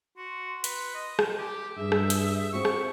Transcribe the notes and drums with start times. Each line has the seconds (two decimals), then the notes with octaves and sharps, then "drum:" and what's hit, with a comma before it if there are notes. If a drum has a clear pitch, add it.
0.17 F#4 C6
0.64 B4, drum: hi-hat
0.95 D#5
1.19 drum: rim click
1.38 G4
1.77 G2 G#4 E5
1.92 drum: rim click
2.10 drum: hi-hat
2.53 C4 F4 F#4 C#6
2.65 drum: rim click